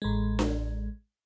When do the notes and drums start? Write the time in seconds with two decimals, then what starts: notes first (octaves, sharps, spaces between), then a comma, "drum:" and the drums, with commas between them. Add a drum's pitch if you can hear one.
0.02 A1 G#3
0.39 drum: snare D4